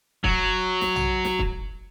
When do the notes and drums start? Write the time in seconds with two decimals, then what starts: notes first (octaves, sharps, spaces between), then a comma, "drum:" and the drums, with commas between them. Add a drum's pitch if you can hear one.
0.24 F#3, drum: kick
0.81 drum: snare
0.96 drum: tom
1.25 drum: snare
1.39 drum: kick